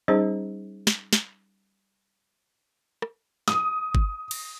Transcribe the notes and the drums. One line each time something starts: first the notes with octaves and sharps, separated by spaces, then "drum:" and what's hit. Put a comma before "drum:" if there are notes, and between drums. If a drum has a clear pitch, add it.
G3 C#4 D#4 G#4 C5
drum: snare
drum: snare
drum: rim click
D#6, drum: snare
drum: kick G1
drum: cymbal